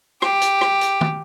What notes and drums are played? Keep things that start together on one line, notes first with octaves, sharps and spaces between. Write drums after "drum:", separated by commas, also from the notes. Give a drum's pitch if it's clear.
G4, drum: rim click
drum: hi-hat
drum: rim click
drum: hi-hat
drum: tom